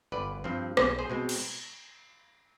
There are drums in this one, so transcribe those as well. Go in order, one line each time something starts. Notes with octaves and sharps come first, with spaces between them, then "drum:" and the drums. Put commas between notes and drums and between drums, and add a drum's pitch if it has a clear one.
G1 B4 D5
G2 F3 C4
B1 G#4 C5, drum: rim click
G#4 C5
B2 G#3 C4
drum: cymbal